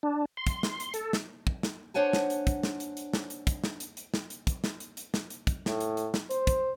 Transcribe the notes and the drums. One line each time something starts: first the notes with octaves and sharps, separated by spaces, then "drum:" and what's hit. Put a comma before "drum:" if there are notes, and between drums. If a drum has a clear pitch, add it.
D4
C6
drum: kick, hi-hat
drum: snare
drum: hi-hat
A4, drum: hi-hat
drum: snare
drum: kick
drum: snare
D4 C5 C#5 F#5 G#5 A5
drum: snare
drum: hi-hat
drum: kick, hi-hat
drum: snare
drum: hi-hat
drum: hi-hat
drum: snare
drum: hi-hat
drum: kick, hi-hat
drum: snare
drum: hi-hat
drum: hi-hat
drum: snare
drum: hi-hat
drum: kick, hi-hat
drum: snare
drum: hi-hat
drum: hi-hat
drum: snare
drum: hi-hat
drum: kick, hi-hat
A2, drum: snare
drum: hi-hat
drum: hi-hat
drum: snare
C5, drum: hi-hat
drum: kick, hi-hat